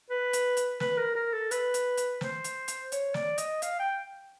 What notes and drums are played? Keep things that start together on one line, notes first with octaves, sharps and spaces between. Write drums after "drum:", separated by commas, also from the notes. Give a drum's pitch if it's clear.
B4
drum: hi-hat
drum: hi-hat
B4, drum: snare
A#4
A#4
A4
B4, drum: hi-hat
drum: hi-hat
drum: hi-hat
C5, drum: snare
drum: hi-hat
drum: hi-hat
C#5, drum: hi-hat
D5, drum: snare
D#5, drum: hi-hat
F5, drum: hi-hat
G5